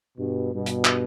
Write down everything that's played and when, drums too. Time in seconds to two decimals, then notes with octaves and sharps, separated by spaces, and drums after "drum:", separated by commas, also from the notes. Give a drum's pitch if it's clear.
0.18 G2 B2
0.54 G2 B2
0.66 drum: hi-hat
0.85 drum: clap